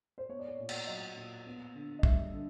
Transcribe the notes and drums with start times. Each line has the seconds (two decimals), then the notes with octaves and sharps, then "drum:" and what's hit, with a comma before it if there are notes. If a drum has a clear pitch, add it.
0.18 C5
0.29 B3 C#5
0.39 D5
0.48 C#5
0.59 A#2
0.69 D5, drum: cymbal
0.87 F#3 D#5
1.17 A#2
1.46 B3
1.75 D3
1.99 D#5
2.03 G3 E5, drum: kick
2.33 D3